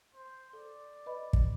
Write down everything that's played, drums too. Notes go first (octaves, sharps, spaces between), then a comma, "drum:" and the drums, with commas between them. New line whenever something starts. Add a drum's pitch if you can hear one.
C5
A4 D5
B4 D#5 B5
drum: kick